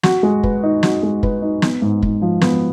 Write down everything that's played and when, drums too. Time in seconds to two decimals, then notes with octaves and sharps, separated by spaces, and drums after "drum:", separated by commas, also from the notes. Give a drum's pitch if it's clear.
0.03 F#4, drum: snare
0.23 G#3
0.44 B4, drum: kick
0.63 D#4
0.83 F#4, drum: snare
1.03 G#3
1.23 B4, drum: kick
1.42 D#4
1.62 B3, drum: snare
1.82 G#2
2.03 G#2, drum: kick
2.22 F3
2.41 B3, drum: snare